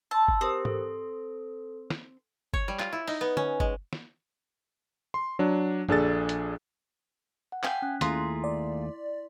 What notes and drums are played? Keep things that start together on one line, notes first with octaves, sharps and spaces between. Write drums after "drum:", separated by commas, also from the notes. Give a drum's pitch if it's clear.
A5 C6 E6
drum: kick G1
C4 G4 A#4 C5 D#6
A4, drum: tom G#2
drum: snare
C#5, drum: kick G1
G3
F4, drum: clap
E4
D#4, drum: open hi-hat
B3
C#4, drum: tom D3
G#3, drum: kick G1
drum: snare
C6
F#3 D4
A#1 D4 G#4 A4 A6, drum: tom
drum: hi-hat
F#5
F5 G5 G#5 B6, drum: clap
C#4 F#6
D#2 A3 E4 F4 G#4 A#5 C6 B6, drum: hi-hat
D5